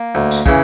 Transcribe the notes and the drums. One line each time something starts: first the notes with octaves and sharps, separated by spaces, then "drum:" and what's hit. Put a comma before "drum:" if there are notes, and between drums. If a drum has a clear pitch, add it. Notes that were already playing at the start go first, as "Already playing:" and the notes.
Already playing: A#3
D2
drum: tambourine
C#3 E3, drum: kick